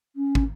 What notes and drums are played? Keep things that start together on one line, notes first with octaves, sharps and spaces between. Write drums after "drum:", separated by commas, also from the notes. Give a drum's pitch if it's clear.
C#4
drum: kick